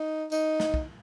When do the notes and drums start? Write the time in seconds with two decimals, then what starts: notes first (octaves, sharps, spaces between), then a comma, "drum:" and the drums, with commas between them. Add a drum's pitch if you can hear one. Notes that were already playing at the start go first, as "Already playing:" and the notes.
Already playing: D#4
0.32 D#4, drum: tambourine
0.60 drum: snare
0.74 drum: kick